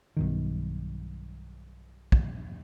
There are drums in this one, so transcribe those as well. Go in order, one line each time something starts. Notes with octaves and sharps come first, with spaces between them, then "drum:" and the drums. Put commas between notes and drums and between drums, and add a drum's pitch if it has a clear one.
B1 G2 D#3
drum: kick